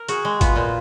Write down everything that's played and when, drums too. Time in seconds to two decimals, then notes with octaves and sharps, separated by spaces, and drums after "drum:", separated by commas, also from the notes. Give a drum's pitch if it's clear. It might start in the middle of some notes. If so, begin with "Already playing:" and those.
Already playing: A#4
0.09 F#4 G#4, drum: hi-hat
0.25 G#3
0.41 B3 F4, drum: kick, hi-hat
0.56 A#2